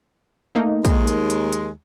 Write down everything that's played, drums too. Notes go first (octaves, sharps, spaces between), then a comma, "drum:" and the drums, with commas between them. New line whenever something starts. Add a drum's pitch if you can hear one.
A3 A#3 D#4
D#2 G#3, drum: kick, hi-hat
drum: hi-hat
drum: hi-hat
drum: hi-hat